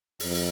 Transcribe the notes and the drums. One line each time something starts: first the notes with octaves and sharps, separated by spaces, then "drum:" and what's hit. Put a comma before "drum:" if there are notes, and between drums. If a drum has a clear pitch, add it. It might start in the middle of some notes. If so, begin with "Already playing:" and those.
F2, drum: open hi-hat
drum: open hi-hat